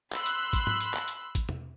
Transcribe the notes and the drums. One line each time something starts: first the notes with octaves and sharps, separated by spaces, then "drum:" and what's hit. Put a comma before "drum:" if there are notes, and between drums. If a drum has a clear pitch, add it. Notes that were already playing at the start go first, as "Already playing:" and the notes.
B5 C6 E6 F#6, drum: clap
drum: hi-hat
drum: kick G#1, hi-hat
drum: tom
drum: hi-hat
drum: clap
drum: hi-hat
drum: kick G#1, hi-hat
drum: tom